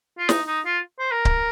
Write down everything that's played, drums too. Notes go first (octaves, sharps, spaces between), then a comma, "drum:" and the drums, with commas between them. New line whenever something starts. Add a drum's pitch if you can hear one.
F4
D#4, drum: snare
D#4
F4
C5
A#4
drum: kick C#1